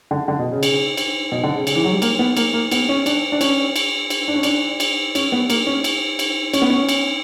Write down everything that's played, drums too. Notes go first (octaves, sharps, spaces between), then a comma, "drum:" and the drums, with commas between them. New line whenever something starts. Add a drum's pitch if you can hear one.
D3
D3
B2
C#3
drum: cymbal
drum: cymbal
B2
D3
C#3
C#3, drum: cymbal
E3
F#3
G3
A#3, drum: cymbal
B3
A#3, drum: cymbal
A#3
B3, drum: cymbal
C#4
D4, drum: cymbal
D4
C#4, drum: cymbal
drum: cymbal
drum: cymbal
D4
C#4
D4, drum: cymbal
drum: cymbal
C#4, drum: cymbal
B3
A#3, drum: cymbal
C#4
drum: cymbal
drum: cymbal
C#4, drum: cymbal
B3
C#4
drum: cymbal